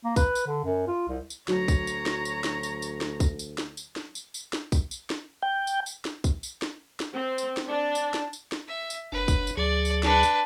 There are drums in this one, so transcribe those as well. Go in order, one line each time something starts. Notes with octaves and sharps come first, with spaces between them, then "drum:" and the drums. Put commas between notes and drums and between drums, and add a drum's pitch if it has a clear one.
A#3
B4, drum: kick, tambourine
drum: tambourine
D3
F#2
F4
C2
drum: tambourine
D2 F#3 C#5 A#5, drum: snare
drum: kick, tambourine
drum: tambourine
drum: snare
drum: tambourine
drum: snare
drum: tambourine
drum: tambourine
drum: snare
drum: kick, tambourine
drum: tambourine
drum: snare
drum: tambourine
drum: snare
drum: tambourine
drum: tambourine
drum: snare
drum: kick, tambourine
drum: tambourine
drum: snare
G5
drum: tambourine
drum: tambourine
drum: snare
drum: kick, tambourine
drum: tambourine
drum: snare
drum: snare
C4
drum: tambourine
drum: snare
D4
drum: tambourine
drum: snare
drum: tambourine
drum: snare
E5
drum: tambourine
F#1 D4 B4
drum: kick, tambourine
drum: tambourine
D2 F#3 G#4 D5
drum: tambourine
D4 B4, drum: snare
drum: tambourine